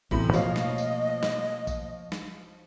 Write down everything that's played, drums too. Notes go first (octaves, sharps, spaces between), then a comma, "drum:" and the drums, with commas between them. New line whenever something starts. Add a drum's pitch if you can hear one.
A1 E2 A2 C3 C4 B5, drum: kick A#1
B2 F3 A3 A#3 C#5 D#5 F5, drum: tambourine
drum: snare
drum: tambourine
drum: snare
drum: kick A#1, tambourine
drum: snare